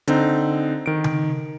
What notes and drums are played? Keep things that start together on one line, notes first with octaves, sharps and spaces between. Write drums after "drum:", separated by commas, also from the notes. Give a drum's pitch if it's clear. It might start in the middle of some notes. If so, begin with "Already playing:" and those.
D3 C4 D#4, drum: hi-hat
D#3 D7
drum: tom C#3